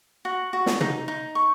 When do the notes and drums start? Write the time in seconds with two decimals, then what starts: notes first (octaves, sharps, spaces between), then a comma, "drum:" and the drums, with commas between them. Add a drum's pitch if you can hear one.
0.25 F#4
0.53 F#4
0.66 drum: snare
0.81 D#4, drum: tom
1.08 D#4
1.35 C#6